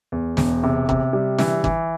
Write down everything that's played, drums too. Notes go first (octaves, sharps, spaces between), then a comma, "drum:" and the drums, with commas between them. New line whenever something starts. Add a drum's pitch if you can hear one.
E2
E1, drum: snare
C3
C3, drum: kick
G3
E3, drum: snare
E3, drum: kick